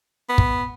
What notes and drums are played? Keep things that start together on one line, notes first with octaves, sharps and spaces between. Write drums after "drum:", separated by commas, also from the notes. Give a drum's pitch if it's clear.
B3
drum: kick